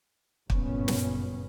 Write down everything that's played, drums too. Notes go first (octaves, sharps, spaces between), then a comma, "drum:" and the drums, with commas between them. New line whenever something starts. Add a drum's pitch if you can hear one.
G1 F#2 A#2 C#3 B3 C#4, drum: kick
drum: snare